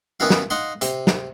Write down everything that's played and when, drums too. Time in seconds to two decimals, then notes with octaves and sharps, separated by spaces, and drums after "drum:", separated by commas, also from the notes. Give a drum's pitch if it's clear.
0.20 D#3 B3 C#4 E4 F#4 F5
0.30 drum: snare
0.50 D#4 F5 F#5 C6
0.81 C3, drum: hi-hat
1.07 drum: snare